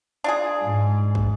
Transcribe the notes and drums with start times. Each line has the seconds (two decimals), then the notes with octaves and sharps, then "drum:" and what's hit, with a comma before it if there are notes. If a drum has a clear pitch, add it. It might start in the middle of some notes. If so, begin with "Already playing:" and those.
0.24 D4 F4 G#4
0.64 G#2
1.15 drum: kick